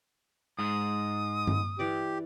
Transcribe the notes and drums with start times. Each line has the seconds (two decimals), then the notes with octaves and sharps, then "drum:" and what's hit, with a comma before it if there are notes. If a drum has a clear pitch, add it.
0.59 G#2 G#3 D#6
1.47 drum: tom G2
1.79 E3 G4 D5 D6